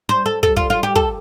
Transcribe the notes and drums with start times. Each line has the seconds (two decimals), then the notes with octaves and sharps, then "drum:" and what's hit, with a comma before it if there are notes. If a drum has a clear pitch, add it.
0.09 C5
0.26 A4
0.43 A4, drum: kick
0.56 F4, drum: kick
0.70 F4
0.83 G4
0.96 A4, drum: kick